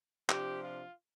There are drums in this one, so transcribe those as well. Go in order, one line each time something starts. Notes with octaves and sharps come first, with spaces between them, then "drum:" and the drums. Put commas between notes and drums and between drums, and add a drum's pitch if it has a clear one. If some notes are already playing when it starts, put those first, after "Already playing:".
C3 F3 D4 G4, drum: clap
F4